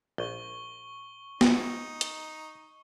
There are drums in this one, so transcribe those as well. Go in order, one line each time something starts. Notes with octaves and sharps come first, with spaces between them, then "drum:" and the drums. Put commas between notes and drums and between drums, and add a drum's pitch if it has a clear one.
A#1 C#6 G7
D#4, drum: snare
drum: hi-hat